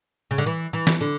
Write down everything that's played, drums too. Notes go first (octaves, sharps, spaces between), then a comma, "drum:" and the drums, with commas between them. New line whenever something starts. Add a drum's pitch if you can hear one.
C#3
D3
E3
E3
drum: snare
D3